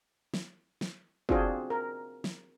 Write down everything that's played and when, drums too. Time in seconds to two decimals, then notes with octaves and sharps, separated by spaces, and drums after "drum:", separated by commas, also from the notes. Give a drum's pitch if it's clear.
0.34 drum: snare
0.81 drum: snare
1.29 C4 D4 F4 F#4 G#4 C5, drum: kick
1.70 A#4
2.24 drum: snare